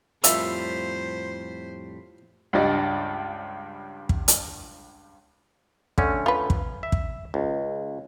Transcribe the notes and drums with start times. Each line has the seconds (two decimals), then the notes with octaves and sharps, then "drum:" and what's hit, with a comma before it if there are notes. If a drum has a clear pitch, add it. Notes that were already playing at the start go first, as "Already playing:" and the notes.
0.24 F2 A2 G3 F4 A#4 C5 E5, drum: hi-hat
2.53 C#2 G2 G3 D5 D#5
4.09 drum: kick
4.28 drum: hi-hat
5.98 D3 A3 C#4, drum: kick
6.26 F4 B4
6.50 drum: kick
6.83 E5
6.92 drum: kick
7.34 C#2